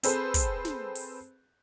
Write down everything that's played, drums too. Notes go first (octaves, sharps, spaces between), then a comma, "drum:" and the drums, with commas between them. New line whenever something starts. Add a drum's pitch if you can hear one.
C4 G#4 A4 B4 C5, drum: hi-hat
drum: kick, hi-hat
drum: snare
drum: open hi-hat